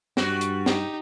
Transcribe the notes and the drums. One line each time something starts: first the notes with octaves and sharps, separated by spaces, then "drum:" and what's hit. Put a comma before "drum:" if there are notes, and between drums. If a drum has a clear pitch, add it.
G2 G3 F#4, drum: snare
drum: hi-hat
D#4 G4, drum: snare